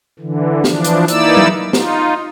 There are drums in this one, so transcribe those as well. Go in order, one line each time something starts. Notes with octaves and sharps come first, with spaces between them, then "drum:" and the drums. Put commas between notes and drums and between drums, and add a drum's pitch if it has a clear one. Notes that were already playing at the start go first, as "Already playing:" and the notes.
D3 E3
E3 F3 D4, drum: snare
drum: hi-hat
E3 A#3 D#4 E4 D5 E6, drum: hi-hat
drum: tom F#3
D#4 F4, drum: snare